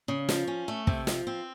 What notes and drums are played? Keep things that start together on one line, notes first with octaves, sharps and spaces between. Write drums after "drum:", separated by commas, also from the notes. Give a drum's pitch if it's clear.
C#3
F3, drum: snare
C#4
A3
C3, drum: kick
F3, drum: snare
C4